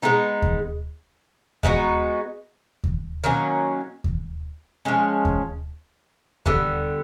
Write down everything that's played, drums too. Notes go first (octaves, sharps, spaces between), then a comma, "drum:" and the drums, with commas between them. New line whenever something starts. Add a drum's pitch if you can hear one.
G#3 B3 D#4
drum: kick D#2
G#3 B3 D#4 F#4, drum: kick D#2
drum: kick D#2
D#3 F#3 A#3 C#4
drum: kick D#2
F3 G#3 C#4
drum: kick D#2
D3 G3 B3, drum: kick D#2